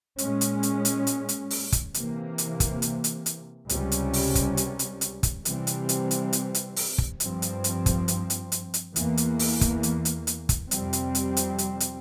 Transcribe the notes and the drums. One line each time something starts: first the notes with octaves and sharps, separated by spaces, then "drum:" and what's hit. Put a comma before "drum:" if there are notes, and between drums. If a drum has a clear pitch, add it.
A#2 G#3 C#4, drum: hi-hat
drum: hi-hat
drum: hi-hat
drum: hi-hat
drum: hi-hat
drum: hi-hat
drum: open hi-hat
drum: kick, hi-hat
C3 E3 A#3, drum: hi-hat
drum: hi-hat
drum: kick, hi-hat
drum: hi-hat
drum: hi-hat
drum: hi-hat
C#2 C3 G3 C#4, drum: hi-hat
drum: hi-hat
drum: open hi-hat
drum: kick, hi-hat
drum: hi-hat
drum: hi-hat
drum: hi-hat
drum: kick, hi-hat
C3 E3 G3 C4, drum: hi-hat
drum: hi-hat
drum: hi-hat
drum: hi-hat
drum: hi-hat
drum: hi-hat
drum: open hi-hat
drum: kick
G2 F3 C4, drum: hi-hat
drum: hi-hat
drum: hi-hat
drum: kick, hi-hat
drum: hi-hat
drum: hi-hat
drum: hi-hat
drum: hi-hat
E2 E3 A#3, drum: hi-hat
drum: hi-hat
drum: open hi-hat
drum: kick, hi-hat
drum: hi-hat
drum: hi-hat
drum: hi-hat
drum: kick, hi-hat
F2 C3 G3 C4, drum: hi-hat
drum: hi-hat
drum: hi-hat
drum: hi-hat
drum: hi-hat
drum: hi-hat